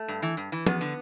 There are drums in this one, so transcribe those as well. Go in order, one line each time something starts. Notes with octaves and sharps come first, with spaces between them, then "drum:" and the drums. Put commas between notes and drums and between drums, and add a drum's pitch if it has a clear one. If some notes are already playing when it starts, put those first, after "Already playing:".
Already playing: A3
G2
E3
G2
E3
E2 B3, drum: tom F3
D3